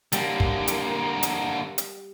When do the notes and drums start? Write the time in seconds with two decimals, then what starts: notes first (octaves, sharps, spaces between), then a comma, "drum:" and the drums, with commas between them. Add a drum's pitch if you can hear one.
0.12 D3 G3 A#3, drum: hi-hat
0.40 drum: kick
0.68 drum: hi-hat
1.23 drum: hi-hat
1.78 drum: hi-hat